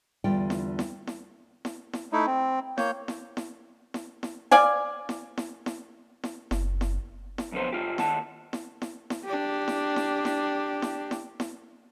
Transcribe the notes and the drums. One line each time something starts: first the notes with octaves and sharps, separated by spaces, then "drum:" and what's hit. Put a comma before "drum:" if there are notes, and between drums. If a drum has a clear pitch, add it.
E2 D3 G3 F4 G5
drum: snare E4
drum: snare E4
drum: snare E4
drum: snare E4
drum: snare E4
A3 D#4 E4
C4
A#3 C#5 G6, drum: snare E4
drum: snare E4
drum: snare E4
drum: snare E4
drum: snare E4
D5 F5 G#5, drum: snare E4
drum: snare E4
drum: snare E4
drum: snare E4
drum: snare E4
F#1, drum: snare E4
drum: snare E4
drum: snare E4
B1 F2 D3 B3 C5
G2 F4 G4
D#2 D#3 F#5 A5, drum: snare E4
drum: snare E4
drum: snare E4
drum: snare E4
D4 G4
drum: snare E4
drum: snare E4
drum: snare E4
drum: snare E4
drum: snare E4
drum: snare E4